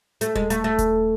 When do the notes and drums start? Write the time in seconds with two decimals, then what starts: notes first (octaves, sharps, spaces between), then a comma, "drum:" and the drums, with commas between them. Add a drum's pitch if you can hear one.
0.21 A3, drum: hi-hat
0.36 G#3, drum: kick D#1
0.50 A3, drum: hi-hat
0.64 A3
0.78 drum: kick D#1, hi-hat